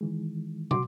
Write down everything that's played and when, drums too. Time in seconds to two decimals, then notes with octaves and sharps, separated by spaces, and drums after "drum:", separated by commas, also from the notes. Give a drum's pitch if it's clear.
0.01 D#3 E3 G#3
0.71 F#4 C6 D6, drum: tom